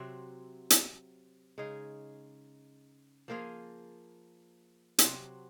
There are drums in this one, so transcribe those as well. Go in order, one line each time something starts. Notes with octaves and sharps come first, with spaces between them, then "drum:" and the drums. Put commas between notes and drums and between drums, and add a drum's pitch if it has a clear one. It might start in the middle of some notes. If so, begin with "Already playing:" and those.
Already playing: C3 F#3 C4 F#4
drum: hi-hat
C#3 G#3 D#4 G#4
F3 A#3 F4 G#4
C3 F#3 C4 F#4, drum: hi-hat